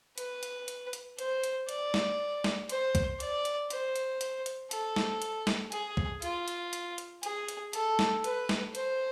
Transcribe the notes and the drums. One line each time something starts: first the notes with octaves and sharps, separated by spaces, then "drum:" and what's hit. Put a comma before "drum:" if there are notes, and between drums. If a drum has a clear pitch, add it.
B4, drum: hi-hat
drum: hi-hat
drum: hi-hat
drum: hi-hat
C5, drum: hi-hat
drum: hi-hat
D5, drum: hi-hat
drum: snare
drum: snare
C5, drum: hi-hat
drum: kick C2, hi-hat
D5, drum: hi-hat
drum: hi-hat
C5, drum: hi-hat
drum: hi-hat
drum: hi-hat
drum: hi-hat
A4, drum: hi-hat
drum: snare
drum: hi-hat
drum: snare
G#4, drum: hi-hat
drum: kick C2
F4, drum: hi-hat
drum: hi-hat
drum: hi-hat
drum: hi-hat
G#4, drum: hi-hat
drum: hi-hat
A4, drum: hi-hat
drum: snare
B4, drum: hi-hat
drum: snare
C5, drum: hi-hat